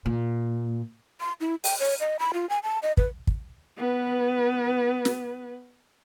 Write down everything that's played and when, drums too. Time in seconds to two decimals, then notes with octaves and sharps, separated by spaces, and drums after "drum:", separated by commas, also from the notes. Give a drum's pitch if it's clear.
0.06 A#2
1.20 C6
1.41 E4
1.64 G5, drum: open hi-hat
1.80 C#5
2.00 D#5
2.19 B5
2.34 F4
2.49 G#5
2.63 A5
2.83 D#5
2.97 B4, drum: kick
3.27 drum: kick
3.77 B3 B4
5.05 drum: snare